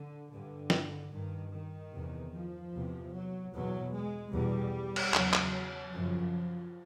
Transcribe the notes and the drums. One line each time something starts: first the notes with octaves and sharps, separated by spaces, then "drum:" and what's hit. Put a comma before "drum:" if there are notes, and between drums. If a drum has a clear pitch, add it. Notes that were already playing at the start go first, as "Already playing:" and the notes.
Already playing: D3
G2 D3
drum: snare
G2 D#3
D#3
E2 C3
F3
E2 C3
F#3
E2 B2 F#3
G#3
E2 B2 G3
drum: cymbal
E2 C#3 F#3, drum: clap
drum: clap
F#2 C#3 F3